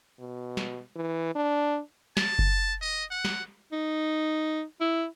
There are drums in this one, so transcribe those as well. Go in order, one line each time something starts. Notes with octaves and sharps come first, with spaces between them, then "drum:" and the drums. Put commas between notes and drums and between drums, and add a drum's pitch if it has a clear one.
B2
drum: snare
E3
D4
A5, drum: snare
drum: kick F#1
D#5
F#5
drum: snare
D#4
E4